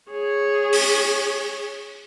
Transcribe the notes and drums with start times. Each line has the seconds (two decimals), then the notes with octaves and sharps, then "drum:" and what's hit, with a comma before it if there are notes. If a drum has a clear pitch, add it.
0.11 G#4 C#5
0.73 drum: open hi-hat